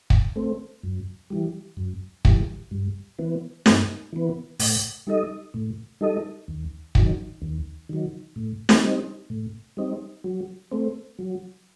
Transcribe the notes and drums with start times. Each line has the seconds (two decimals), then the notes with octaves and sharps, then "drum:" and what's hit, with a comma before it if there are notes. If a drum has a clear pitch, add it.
0.10 drum: kick
0.36 A3 C4
0.83 F#2
1.30 E3 G3
1.77 F#2
2.25 E3 G3, drum: kick
2.71 G2
3.19 E3 B3
3.66 G2, drum: snare
4.13 E3 B3
4.59 A2, drum: open hi-hat
5.07 G3 D#4 A4 D#5
5.54 A2
6.01 G3 D#4 A4 D#5
6.48 D#2
6.95 D#3 F#3, drum: kick
7.42 D#2
7.89 D#3 F#3
8.36 A2
8.69 drum: snare
8.83 G3 C4 D#4
9.30 A2
9.77 G3 C4 D#4
10.24 F#3
10.72 A3 C4
11.19 F#3